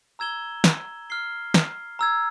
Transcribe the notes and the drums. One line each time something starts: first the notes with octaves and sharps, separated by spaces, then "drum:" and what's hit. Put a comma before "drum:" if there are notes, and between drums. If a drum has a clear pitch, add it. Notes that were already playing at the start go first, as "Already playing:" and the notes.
A#5 E6 G#6 E7 G7
drum: snare
F6 C7 G7
drum: snare
A#5 E6 G#6